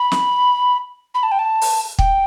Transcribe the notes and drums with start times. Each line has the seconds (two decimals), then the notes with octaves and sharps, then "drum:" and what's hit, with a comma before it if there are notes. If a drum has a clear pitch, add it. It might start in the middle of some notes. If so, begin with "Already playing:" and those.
Already playing: B5
0.12 drum: snare
1.15 B5
1.23 A5
1.32 G5
1.39 A5
1.61 drum: open hi-hat
1.99 G5, drum: kick